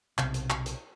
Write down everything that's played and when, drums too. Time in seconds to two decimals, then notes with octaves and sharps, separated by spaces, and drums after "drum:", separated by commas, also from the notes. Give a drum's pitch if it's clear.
0.18 B1 C3, drum: clap
0.34 drum: hi-hat
0.50 drum: clap
0.66 drum: hi-hat